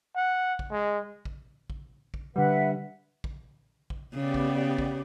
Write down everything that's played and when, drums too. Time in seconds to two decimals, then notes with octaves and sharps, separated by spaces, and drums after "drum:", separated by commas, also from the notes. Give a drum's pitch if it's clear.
0.16 F#5
0.59 drum: kick
0.71 G#3
1.25 drum: kick
1.70 drum: kick
2.14 drum: kick
2.36 D3 G3 B4 E5 F#5
3.24 drum: kick
3.90 drum: kick
4.14 C#3 B3 G4 D5
4.34 drum: kick
4.78 drum: kick